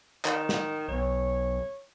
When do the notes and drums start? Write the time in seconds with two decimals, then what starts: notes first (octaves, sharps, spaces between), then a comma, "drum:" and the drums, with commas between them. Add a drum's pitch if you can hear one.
0.25 D#3, drum: clap
0.49 drum: snare
0.88 B1 C#5